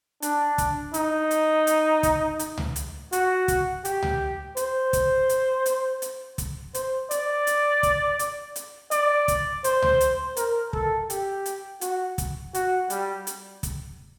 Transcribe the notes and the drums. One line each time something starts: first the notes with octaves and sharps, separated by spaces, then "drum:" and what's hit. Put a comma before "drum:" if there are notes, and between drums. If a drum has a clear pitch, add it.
D4, drum: hi-hat
drum: kick, hi-hat
D#4, drum: hi-hat
drum: hi-hat
drum: hi-hat
drum: kick, hi-hat
drum: hi-hat
drum: tom C#2
drum: hi-hat
F#4, drum: hi-hat
drum: kick, hi-hat
G4, drum: hi-hat
drum: tom C#2
C5, drum: hi-hat
drum: kick, hi-hat
drum: hi-hat
drum: hi-hat
drum: hi-hat
drum: kick, hi-hat
C5, drum: hi-hat
D5, drum: hi-hat
drum: hi-hat
drum: kick, hi-hat
drum: hi-hat
drum: hi-hat
D5, drum: hi-hat
drum: kick, hi-hat
C5, drum: hi-hat
drum: tom C#2
drum: hi-hat
A#4, drum: hi-hat
A4, drum: kick
G4, drum: hi-hat
drum: hi-hat
F#4, drum: hi-hat
drum: kick, hi-hat
F#4, drum: hi-hat
G3, drum: hi-hat
drum: hi-hat
drum: kick, hi-hat